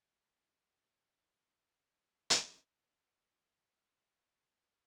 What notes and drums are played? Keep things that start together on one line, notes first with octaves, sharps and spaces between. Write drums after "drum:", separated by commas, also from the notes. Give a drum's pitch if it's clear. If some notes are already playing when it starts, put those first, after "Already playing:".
Already playing: D3
C3
B2
B2
B2
A#2
A2
drum: hi-hat
A#2
A2
G#2
A2
G2
F#2
G2
G#2